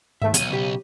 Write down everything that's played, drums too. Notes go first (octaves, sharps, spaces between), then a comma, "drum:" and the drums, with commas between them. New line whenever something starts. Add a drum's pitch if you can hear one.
D#2 G#2 A3 E5
B1 F2 D#7, drum: hi-hat
C#3 G4